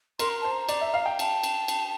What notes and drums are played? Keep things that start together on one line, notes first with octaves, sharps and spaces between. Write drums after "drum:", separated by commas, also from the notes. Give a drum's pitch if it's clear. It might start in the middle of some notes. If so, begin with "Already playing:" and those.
A#4 C6, drum: cymbal
A#5
C5 A5
A#5
D5, drum: cymbal
E5
F5
G5
A5, drum: cymbal
drum: cymbal
drum: cymbal